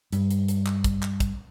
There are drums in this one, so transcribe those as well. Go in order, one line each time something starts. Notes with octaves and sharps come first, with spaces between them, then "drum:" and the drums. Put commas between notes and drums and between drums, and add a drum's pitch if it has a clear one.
G2, drum: hi-hat
drum: hi-hat
drum: hi-hat
drum: clap
drum: kick, hi-hat
drum: clap
drum: kick, hi-hat